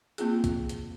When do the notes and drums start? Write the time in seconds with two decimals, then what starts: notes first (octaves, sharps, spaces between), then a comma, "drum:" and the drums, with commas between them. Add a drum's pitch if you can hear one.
0.18 A#3 C4 F4 G#4, drum: hi-hat
0.44 drum: kick, hi-hat
0.69 drum: hi-hat